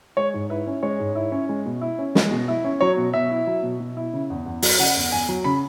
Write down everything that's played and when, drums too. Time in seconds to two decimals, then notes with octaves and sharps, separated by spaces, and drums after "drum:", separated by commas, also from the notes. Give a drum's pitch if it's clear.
0.17 G#3 C#5
0.34 G#2
0.50 E4 B4
0.67 C#4
0.83 G#3 C#5
1.00 G#2
1.15 E4
1.32 C#4
1.49 G#3
1.66 B2
1.81 E4
1.99 C#4
2.15 G#3, drum: snare
2.31 B2
2.48 E4
2.64 C#4
2.81 F#3 C#5
2.97 B2
3.14 B2 E5
3.31 E4
3.47 F#3
3.63 B2
3.80 B2
3.97 E4
4.14 C#3
4.30 E2
4.46 E2
4.62 F#3, drum: open hi-hat
4.79 C#3 F#5
4.96 E2
5.12 E2 G#5
5.29 F#3
5.44 C#3 B5